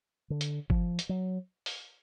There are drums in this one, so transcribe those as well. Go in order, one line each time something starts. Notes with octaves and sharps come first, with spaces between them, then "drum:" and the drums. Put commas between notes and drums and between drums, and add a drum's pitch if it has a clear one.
D3
drum: hi-hat
F3, drum: kick G1
drum: hi-hat
F#3
drum: open hi-hat